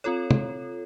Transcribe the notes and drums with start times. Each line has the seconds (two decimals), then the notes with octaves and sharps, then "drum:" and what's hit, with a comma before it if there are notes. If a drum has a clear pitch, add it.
0.04 C4 F4 A4 C#5
0.31 drum: tom